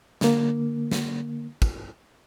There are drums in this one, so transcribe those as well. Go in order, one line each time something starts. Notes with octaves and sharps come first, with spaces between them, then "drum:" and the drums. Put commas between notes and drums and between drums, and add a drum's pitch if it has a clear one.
D3 A#3, drum: snare
drum: snare
drum: kick, tambourine